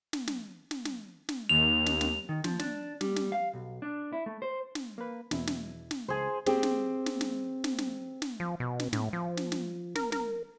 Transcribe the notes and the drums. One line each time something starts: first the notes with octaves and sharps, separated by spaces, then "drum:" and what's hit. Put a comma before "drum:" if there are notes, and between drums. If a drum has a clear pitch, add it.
drum: snare
drum: snare
drum: snare
drum: snare
drum: snare
D#2 F7
drum: snare
drum: snare
D#3
F3, drum: snare
D4, drum: snare
G3, drum: snare
drum: snare
F5
B1
D4
E4
A3
C5
drum: snare
A#3 B4
E2 B2 E4, drum: snare
drum: snare
drum: snare
C#2 G#4 C5
C4 G4 G#4 C5, drum: snare
drum: snare
drum: snare
drum: snare
drum: snare
drum: snare
drum: snare
F3
B2
drum: snare
A2, drum: snare
F3
drum: snare
drum: snare
A#4, drum: snare
A#4, drum: snare